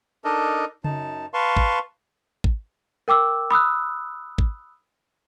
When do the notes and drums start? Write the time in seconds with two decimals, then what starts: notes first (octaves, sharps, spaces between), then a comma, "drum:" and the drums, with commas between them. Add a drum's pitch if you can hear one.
0.25 D4 D#4 A4 A#4 D#5
0.84 F#2 D#4 A5, drum: tom C#3
1.34 B4 F5 A5 C6 C#6
1.57 drum: kick
2.44 drum: kick
3.08 A#4 G5 D6 E6
3.51 B5 D#6 E6 F#6
4.38 drum: kick